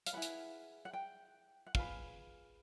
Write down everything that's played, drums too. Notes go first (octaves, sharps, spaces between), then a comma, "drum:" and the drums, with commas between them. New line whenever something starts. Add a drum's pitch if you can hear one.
F5, drum: hi-hat
E4 G#4 B4 F#5
drum: hi-hat
F#5
G5
F#5
F4 G#4 B4 F5, drum: kick